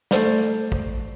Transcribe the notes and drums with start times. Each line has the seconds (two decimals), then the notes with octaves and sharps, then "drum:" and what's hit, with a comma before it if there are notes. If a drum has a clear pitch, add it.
0.11 A3 A4 C5 D5, drum: snare
0.72 drum: kick